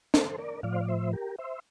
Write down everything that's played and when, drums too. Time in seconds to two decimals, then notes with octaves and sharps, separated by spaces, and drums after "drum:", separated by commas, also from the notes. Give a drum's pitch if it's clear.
0.14 A4 C5, drum: snare
0.38 A#4 D5
0.63 A2 F3 D5 F5
0.72 C5
0.81 D5
0.88 C5 E5
1.13 G4 A#4
1.38 C5 E5